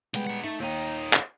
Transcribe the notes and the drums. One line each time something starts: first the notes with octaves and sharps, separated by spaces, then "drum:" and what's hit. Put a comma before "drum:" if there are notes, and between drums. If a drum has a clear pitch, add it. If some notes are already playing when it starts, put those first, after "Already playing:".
C2 G3 G#3 B3 G5, drum: hi-hat
D#4 F#5
A3 D#4
D#2 A#2 D#4 G5
drum: clap